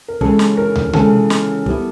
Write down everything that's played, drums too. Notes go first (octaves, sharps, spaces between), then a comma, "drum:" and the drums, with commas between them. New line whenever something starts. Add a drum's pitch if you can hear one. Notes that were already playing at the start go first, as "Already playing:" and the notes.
A#4
C#3 E3 G#3 C#4 A4, drum: kick
drum: snare
A#4
drum: tom
C#3 E3 G#3 C#4 A4, drum: tom C3
drum: snare
G3 B3 E4, drum: kick